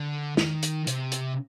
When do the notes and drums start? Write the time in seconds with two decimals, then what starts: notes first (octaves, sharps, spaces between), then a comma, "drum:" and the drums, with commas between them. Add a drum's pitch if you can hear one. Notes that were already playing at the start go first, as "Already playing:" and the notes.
Already playing: D3
0.37 D#3, drum: snare
0.62 drum: hi-hat
0.87 C3, drum: hi-hat
1.12 drum: hi-hat